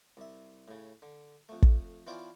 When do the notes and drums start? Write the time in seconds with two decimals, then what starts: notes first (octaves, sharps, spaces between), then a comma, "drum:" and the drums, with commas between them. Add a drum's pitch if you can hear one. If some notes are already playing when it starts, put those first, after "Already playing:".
0.17 C2 E5
0.68 A2 C#3
1.02 D3
1.49 F2 A3
1.62 drum: kick
2.07 E3 B3 C#4 F4 C5 D5